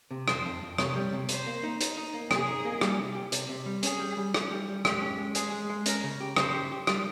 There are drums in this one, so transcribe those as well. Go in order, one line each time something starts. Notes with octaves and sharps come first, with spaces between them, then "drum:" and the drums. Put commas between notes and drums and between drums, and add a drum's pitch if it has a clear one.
C3
F2 C5, drum: rim click
F2
F2
C3 C#5, drum: rim click
G3
C3
C3 C5, drum: hi-hat
A#3
D#4
D#4, drum: hi-hat
D#4
A#3
C3 G#4, drum: rim click
D#4
A#3
G3, drum: rim click
C3
G4
C3, drum: hi-hat
C3
G3
C#4 G#4, drum: hi-hat
G3
G3
C#4, drum: rim click
G3
G3
G#3 G4, drum: rim click
C#4
G#3
G#3 G#4, drum: hi-hat
G#3
G#3
C#4 A#4, drum: hi-hat
C#3
G4
C#3 C5, drum: rim click
G4
G4
G3, drum: rim click